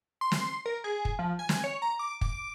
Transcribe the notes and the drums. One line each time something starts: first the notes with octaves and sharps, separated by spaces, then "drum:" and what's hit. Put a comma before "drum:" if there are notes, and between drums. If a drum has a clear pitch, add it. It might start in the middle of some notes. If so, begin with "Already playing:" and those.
C6
drum: snare
A#4
G#4
drum: kick
F3
G#5
drum: snare
C#5
A#5
D6
D6, drum: kick